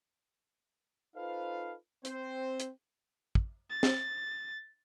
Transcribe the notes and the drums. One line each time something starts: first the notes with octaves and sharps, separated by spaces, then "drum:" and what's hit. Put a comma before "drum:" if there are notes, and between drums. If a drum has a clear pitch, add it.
D#4 F4 A4 B4 C5 F5
C4 C5, drum: hi-hat
drum: hi-hat
drum: kick
A6
drum: snare